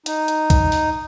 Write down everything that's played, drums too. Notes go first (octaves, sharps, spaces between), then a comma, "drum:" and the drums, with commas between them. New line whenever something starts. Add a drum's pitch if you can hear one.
D#4, drum: hi-hat
drum: hi-hat
drum: kick B1, hi-hat
drum: open hi-hat